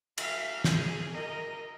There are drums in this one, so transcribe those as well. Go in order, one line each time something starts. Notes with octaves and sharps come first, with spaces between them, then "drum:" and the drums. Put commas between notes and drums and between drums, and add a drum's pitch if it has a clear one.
E5 F5, drum: cymbal
G#4, drum: snare
A#4 D#5